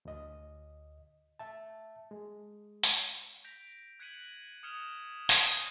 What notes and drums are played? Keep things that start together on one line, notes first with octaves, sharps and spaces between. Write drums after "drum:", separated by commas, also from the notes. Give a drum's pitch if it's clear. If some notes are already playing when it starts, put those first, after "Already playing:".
D2 D#5
E5 A5
G#3
drum: open hi-hat
G6 A#6 B6 D7 F7
F#6 G#6 B6 C#7 D#7 F#7
D#6 F6 G#6 C#7 E7 G7
drum: open hi-hat